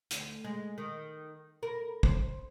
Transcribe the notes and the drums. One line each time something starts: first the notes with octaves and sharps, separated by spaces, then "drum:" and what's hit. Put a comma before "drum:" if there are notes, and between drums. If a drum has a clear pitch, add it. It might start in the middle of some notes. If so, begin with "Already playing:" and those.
D2, drum: hi-hat
G#3
D#3
A#4
C5, drum: kick